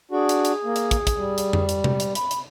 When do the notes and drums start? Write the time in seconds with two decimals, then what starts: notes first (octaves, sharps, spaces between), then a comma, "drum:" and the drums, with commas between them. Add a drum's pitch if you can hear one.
0.11 D4 F#4 G#4
0.29 drum: hi-hat
0.45 drum: hi-hat
0.64 A#3
0.76 drum: hi-hat
0.91 drum: kick, hi-hat
1.07 drum: kick, hi-hat
1.17 G3
1.38 drum: hi-hat
1.53 drum: tom F2
1.69 drum: hi-hat
1.84 drum: tom C3
2.00 drum: hi-hat
2.15 B5, drum: hi-hat
2.31 drum: hi-hat